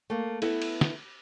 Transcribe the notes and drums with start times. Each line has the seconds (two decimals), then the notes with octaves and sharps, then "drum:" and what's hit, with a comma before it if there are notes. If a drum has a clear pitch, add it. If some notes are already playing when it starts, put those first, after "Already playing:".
0.10 A3 A#3
0.42 B3 E4 A4, drum: cymbal
0.62 drum: cymbal
0.81 drum: snare